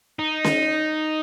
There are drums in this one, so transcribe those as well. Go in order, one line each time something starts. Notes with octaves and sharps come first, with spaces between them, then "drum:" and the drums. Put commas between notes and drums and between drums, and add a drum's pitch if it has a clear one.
D#4
drum: snare C#4